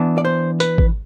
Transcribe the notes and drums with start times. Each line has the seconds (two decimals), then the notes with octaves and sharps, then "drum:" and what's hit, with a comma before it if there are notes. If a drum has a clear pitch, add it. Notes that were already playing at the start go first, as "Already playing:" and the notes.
Already playing: E3 B3 D4
0.18 D5
0.25 C5
0.60 B4, drum: hi-hat
0.78 drum: kick G#1